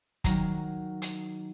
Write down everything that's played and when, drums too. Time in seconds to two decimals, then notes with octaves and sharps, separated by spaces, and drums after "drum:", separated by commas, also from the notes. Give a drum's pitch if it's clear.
0.24 D#3 F#3 A#5, drum: kick, hi-hat
1.02 drum: hi-hat